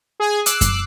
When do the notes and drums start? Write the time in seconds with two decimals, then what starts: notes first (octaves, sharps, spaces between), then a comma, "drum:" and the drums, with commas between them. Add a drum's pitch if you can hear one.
0.20 G#4 G#5
0.46 D6 E6 F#6 C7, drum: hi-hat
0.61 drum: kick F#2, hi-hat